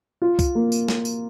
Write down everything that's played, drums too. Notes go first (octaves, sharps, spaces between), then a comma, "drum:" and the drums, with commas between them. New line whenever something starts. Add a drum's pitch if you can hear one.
F4
drum: kick C2, tambourine
A#3
drum: tambourine
drum: snare
drum: tambourine